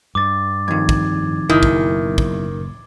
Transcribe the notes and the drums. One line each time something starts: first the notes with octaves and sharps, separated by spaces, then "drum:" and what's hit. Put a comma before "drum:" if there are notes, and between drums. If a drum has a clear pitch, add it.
G2 D6 A6
F2 D#3 G#6
drum: kick
F#1 B1 D#3 E4
drum: kick
drum: kick